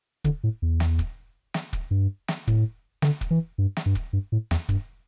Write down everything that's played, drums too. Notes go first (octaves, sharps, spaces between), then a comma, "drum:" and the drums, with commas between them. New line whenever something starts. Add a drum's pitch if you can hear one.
D3, drum: kick
A2
E2
drum: snare
drum: kick
drum: snare
drum: kick
G2
drum: snare
A2, drum: kick
D3, drum: snare
drum: kick
E3
G2
drum: snare
G2
drum: kick
G2
A2
E2, drum: snare
G2, drum: kick